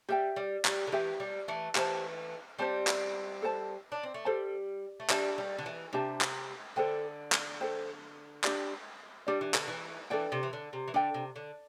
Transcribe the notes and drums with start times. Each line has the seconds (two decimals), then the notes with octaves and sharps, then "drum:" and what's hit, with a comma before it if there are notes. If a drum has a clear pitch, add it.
0.09 G3 G4 E5 G5
0.36 G3
0.65 G3, drum: clap
0.87 D3
0.92 E3 G4 E5 G5
1.20 G3
1.48 E3 A3
1.75 E3 A3 G4 C5 A5, drum: clap
2.59 G3 C4 G4 C5 A5
2.87 drum: clap
3.42 A4 C5 A5
3.92 D4
4.03 C4
4.14 A3
4.25 G3 A4 C5 A5
5.00 A3
5.10 G3 D4 G4 E5 A5, drum: clap
5.38 G3
5.58 D3
5.66 E3
5.93 C3 D4 G4 E5 A5
6.21 drum: clap
6.76 D3 A4 C5 G5
7.32 drum: clap
7.61 A4 C5 G5
8.44 D4 G4 D5, drum: clap
9.27 G3 D4 G4 D5
9.41 E3
9.54 D3, drum: clap
9.68 E3
10.10 E3 D4 A4 D5 G5
10.32 C3
10.43 E3
10.53 D3
10.73 C3
10.88 E3
10.94 D3 D4 A4 D5 G5
11.14 C3
11.36 D3